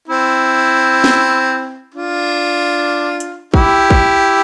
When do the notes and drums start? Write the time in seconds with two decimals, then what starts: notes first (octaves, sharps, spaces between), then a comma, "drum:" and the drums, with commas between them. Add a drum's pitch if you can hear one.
0.08 C4 E4
1.04 drum: snare
1.94 D4 F4
3.20 drum: hi-hat
3.54 E4 G4, drum: kick
3.90 drum: kick